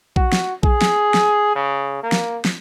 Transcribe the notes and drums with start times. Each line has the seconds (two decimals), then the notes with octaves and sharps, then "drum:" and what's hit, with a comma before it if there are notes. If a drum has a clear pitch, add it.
0.16 F#4, drum: kick A#1
0.33 drum: snare
0.63 G#4, drum: kick A#1
0.81 drum: snare
1.14 drum: snare
1.55 C#3
2.03 A#3
2.12 drum: snare
2.45 drum: snare